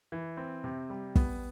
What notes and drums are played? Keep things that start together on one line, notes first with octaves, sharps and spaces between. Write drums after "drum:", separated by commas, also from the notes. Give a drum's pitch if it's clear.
E3
C4
C3
G3
B3, drum: kick